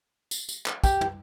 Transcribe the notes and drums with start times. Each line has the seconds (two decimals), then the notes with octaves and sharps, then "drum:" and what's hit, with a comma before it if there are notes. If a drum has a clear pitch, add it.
0.31 drum: tambourine
0.49 drum: tambourine
0.66 drum: clap
0.84 G4, drum: kick, tambourine
1.01 drum: tom